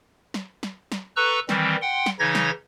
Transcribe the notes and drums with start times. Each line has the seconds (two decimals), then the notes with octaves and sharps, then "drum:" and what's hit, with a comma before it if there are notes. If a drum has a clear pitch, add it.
0.34 drum: snare
0.63 drum: snare
0.92 drum: snare
1.17 A4 B4 A#5 C#6 E6 F#6
1.49 D#3 E3 G3 C4, drum: snare
1.82 F#5 G5 C6
2.06 drum: snare
2.19 C#3 E3 D#4 C#5 G#6 A#6
2.35 drum: snare